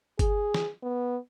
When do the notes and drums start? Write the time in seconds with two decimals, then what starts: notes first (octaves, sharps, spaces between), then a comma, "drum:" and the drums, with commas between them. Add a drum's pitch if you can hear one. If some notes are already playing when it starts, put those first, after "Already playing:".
0.19 G#4, drum: kick G1, hi-hat
0.54 drum: snare
0.83 B3